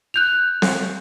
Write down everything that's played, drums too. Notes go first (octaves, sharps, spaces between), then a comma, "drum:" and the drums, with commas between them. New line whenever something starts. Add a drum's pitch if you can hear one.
F#6 G6 F7
drum: snare C4